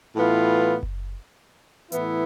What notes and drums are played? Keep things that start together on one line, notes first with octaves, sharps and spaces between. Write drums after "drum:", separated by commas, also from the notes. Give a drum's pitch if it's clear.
A2 E3 B3 F4
drum: kick F#1
A2 E3 B3 E4, drum: hi-hat